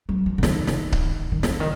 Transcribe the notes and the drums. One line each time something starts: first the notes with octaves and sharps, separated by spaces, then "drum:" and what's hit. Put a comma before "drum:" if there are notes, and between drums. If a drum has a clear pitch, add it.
F#3
F3
D3
D#3, drum: snare
drum: snare
drum: kick C#1
D#3
D3, drum: snare
D#3